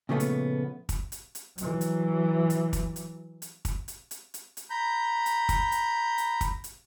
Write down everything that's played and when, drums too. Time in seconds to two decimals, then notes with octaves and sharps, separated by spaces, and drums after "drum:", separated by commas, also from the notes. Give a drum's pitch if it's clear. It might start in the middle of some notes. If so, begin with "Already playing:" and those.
0.09 A#2 C#3 F3 A3 B3
0.20 drum: hi-hat
0.89 drum: kick, hi-hat
1.12 drum: hi-hat
1.35 drum: hi-hat
1.58 E3 F#3, drum: hi-hat
1.81 drum: hi-hat
2.50 drum: hi-hat
2.73 drum: kick, hi-hat
2.96 drum: hi-hat
3.42 drum: hi-hat
3.65 drum: kick, hi-hat
3.88 drum: hi-hat
4.11 drum: hi-hat
4.34 drum: hi-hat
4.57 drum: hi-hat
4.70 A#5 B5 G6
5.26 drum: hi-hat
5.49 drum: kick, hi-hat
5.72 drum: hi-hat
6.18 drum: hi-hat
6.41 drum: kick, hi-hat
6.64 drum: hi-hat